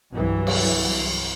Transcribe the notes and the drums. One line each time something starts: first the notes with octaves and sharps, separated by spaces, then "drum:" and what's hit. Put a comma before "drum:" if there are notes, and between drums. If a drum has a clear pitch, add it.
C2 G2 E3 F#3
drum: cymbal